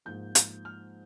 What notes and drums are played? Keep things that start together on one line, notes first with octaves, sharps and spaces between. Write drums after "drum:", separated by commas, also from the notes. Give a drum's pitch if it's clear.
G#2 F3 A#3 G6
G6, drum: hi-hat
F6